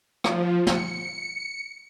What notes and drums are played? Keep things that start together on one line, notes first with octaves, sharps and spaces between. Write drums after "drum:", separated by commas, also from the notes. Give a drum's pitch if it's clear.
F3, drum: rim click
C#7, drum: snare